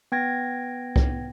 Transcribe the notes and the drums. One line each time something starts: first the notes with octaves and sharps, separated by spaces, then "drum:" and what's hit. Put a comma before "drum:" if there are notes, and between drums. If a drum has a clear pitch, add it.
B3 G5 G#6 A#6
drum: kick C2